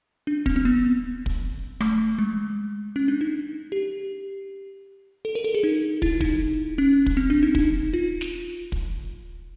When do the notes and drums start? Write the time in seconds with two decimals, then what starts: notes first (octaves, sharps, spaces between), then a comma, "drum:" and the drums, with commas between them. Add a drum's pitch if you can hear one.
0.27 D4
0.46 C4, drum: kick
0.56 C4
0.65 B3
1.26 drum: kick
1.81 A3, drum: rim click
2.19 G#3
2.96 C#4
3.08 D4
3.21 D#4
3.72 G4
5.25 A4
5.35 A#4
5.44 A4
5.55 G#4
5.63 D#4
6.02 E4, drum: kick
6.21 D#4, drum: kick
6.78 C#4
7.06 drum: kick
7.17 C4
7.30 D4
7.43 D#4
7.55 D#4, drum: kick
7.93 F4
8.21 drum: snare
8.72 drum: kick